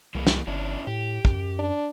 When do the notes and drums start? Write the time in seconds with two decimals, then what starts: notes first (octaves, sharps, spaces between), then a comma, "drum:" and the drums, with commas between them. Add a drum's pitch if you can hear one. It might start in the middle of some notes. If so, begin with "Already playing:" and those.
0.15 C2 E3 G#3 A#3
0.27 drum: snare
0.47 G1 C#4 D4 E4
0.87 A2 G4
1.25 F#2, drum: kick
1.59 D4